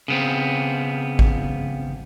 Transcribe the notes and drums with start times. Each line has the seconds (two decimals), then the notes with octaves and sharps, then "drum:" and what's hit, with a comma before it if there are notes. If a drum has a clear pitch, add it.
0.08 C#3 B3 C4
1.19 drum: kick A1